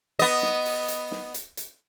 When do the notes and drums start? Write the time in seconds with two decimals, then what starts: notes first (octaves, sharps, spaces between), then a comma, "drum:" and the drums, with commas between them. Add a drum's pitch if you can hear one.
0.19 B3 D#5, drum: open hi-hat
0.42 drum: snare
0.65 drum: open hi-hat
0.88 drum: hi-hat
1.11 drum: snare
1.34 drum: hi-hat
1.57 drum: hi-hat